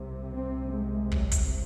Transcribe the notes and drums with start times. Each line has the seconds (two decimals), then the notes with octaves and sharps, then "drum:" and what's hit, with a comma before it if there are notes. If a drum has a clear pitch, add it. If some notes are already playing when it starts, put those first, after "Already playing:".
Already playing: C2 C3
0.32 C4
0.71 G#3
1.12 F#3, drum: kick
1.32 drum: kick, hi-hat